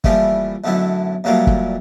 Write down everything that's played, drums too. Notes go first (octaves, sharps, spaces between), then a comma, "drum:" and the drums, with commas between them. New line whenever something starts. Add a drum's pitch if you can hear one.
E3 F3 G3 A3 A#3, drum: kick
B1 F#2 D3 A3 E4
F2 A#2 F#3 G3 A3 A#3
drum: kick